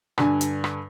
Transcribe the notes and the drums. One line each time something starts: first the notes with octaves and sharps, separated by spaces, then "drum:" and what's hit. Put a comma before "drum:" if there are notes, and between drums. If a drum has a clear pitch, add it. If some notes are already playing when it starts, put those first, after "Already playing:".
G2 D3 G#5, drum: rim click
drum: hi-hat
drum: rim click